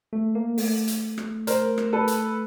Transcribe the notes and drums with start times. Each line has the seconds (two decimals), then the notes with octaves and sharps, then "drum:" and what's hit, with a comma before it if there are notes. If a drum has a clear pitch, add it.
0.13 A3
0.35 A#3
0.58 A3, drum: open hi-hat
0.88 drum: hi-hat
1.18 drum: rim click
1.47 A#4 C5, drum: hi-hat
1.78 drum: rim click
1.92 A4 B4
2.08 drum: hi-hat